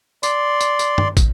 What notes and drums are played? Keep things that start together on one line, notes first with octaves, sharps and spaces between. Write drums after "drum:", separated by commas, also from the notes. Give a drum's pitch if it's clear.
D5 C6, drum: tambourine
drum: tambourine
drum: tambourine
drum: tom G2
drum: kick, tambourine